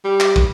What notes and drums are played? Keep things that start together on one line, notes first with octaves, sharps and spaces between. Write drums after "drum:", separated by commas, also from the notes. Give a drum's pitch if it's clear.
G3
drum: clap
drum: kick